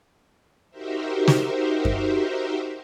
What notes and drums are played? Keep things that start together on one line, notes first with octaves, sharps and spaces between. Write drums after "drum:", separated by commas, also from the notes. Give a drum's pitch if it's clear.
D#4 F#4 G4 A#4 C5 E5
drum: snare
drum: kick F#2